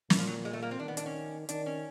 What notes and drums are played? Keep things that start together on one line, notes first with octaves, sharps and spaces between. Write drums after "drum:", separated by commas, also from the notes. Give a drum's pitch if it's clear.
A#2 E3, drum: snare
F3
F#3
G#3
A3
A#3
C4
D#3 D4
B3
D4, drum: hi-hat
C#4
D#3 D4, drum: hi-hat
C#4